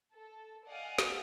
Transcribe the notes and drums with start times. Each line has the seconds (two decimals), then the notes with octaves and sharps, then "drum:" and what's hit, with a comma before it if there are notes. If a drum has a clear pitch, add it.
0.13 A4
0.66 D5 D#5 F5 F#5 G#5
0.98 drum: snare